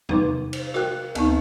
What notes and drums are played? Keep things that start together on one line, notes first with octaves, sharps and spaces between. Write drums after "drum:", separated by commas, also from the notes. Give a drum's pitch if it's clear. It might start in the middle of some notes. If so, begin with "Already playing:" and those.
C3 D#4 B4 C6 D6, drum: tom E2
C5, drum: cymbal
F#4 A#4 G5 F#6, drum: rim click
D2 B3 C4 D#4 C#6, drum: cymbal